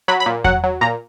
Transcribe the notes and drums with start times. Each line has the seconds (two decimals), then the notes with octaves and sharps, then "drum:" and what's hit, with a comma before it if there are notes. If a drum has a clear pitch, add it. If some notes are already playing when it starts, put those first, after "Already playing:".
0.08 F#3 B5
0.20 B5
0.26 A#2
0.44 F#3 F#5, drum: kick E2
0.63 F#3
0.81 A#2 A#5